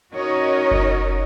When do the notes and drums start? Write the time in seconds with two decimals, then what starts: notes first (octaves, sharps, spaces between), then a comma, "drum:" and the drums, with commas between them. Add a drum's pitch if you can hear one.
0.13 C#4 D#4 F#4 A#4 C#5 D#5
0.71 drum: kick F#1